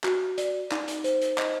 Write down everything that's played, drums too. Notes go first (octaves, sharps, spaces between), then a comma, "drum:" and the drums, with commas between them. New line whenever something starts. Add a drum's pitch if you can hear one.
F#4, drum: clap
D5, drum: hi-hat
D#4, drum: clap
drum: hi-hat
C5, drum: hi-hat
drum: hi-hat
D#5, drum: clap